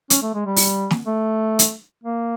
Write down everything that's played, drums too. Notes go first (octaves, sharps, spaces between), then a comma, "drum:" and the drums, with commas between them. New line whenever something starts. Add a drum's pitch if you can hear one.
C#4, drum: hi-hat
A3
G#3
G3
drum: open hi-hat
drum: snare
A3
drum: hi-hat
A#3